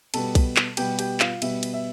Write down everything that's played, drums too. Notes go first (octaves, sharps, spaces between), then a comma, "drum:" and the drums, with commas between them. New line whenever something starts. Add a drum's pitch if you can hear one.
B2 G3 B3 A4 A5, drum: cymbal
drum: kick B1, cymbal
drum: clap
B2 G3 B3 G4 G5, drum: cymbal
G4 G5, drum: cymbal
F4 F5, drum: clap
B2 G3 B3 E5, drum: cymbal
drum: cymbal
E5